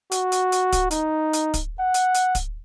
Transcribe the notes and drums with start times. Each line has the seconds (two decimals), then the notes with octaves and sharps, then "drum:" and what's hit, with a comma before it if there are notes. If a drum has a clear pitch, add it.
0.12 F#4, drum: hi-hat
0.32 drum: hi-hat
0.52 drum: hi-hat
0.73 drum: kick, hi-hat
0.91 D#4, drum: hi-hat
1.33 drum: hi-hat
1.54 drum: kick, hi-hat
1.79 F#5
1.94 drum: hi-hat
2.15 drum: hi-hat
2.35 drum: kick, hi-hat